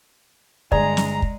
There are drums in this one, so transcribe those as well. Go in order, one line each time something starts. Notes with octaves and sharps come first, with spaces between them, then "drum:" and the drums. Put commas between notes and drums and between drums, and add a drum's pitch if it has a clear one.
G1 G#3 G#4 D5 A#5, drum: kick
drum: snare
drum: kick